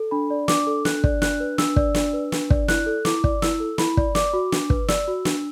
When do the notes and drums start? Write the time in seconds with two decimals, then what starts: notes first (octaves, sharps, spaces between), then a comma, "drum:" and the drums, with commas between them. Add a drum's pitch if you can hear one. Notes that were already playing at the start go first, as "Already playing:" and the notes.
Already playing: A4
0.11 D4 B5
0.30 D5
0.48 D4 D6, drum: snare
0.67 A4
0.85 D4 F#6, drum: snare
1.04 D5, drum: kick
1.22 D4 F#6, drum: snare
1.40 B4
1.58 D4 E6, drum: snare
1.76 D5, drum: kick
1.95 D4, drum: snare
2.13 B4
2.32 D4, drum: snare
2.50 D5, drum: kick
2.68 E4 F#6, drum: snare
2.86 A4
3.05 E4 D6, drum: snare
3.24 D5, drum: kick
3.42 E4 E6, drum: snare
3.60 A4
3.78 E4 B5, drum: snare
3.97 D5, drum: kick
4.15 D5 D6, drum: snare
4.33 F#4
4.52 D4, drum: snare
4.70 B4, drum: kick
4.88 D5 E6, drum: snare
5.08 F#4
5.25 D4, drum: snare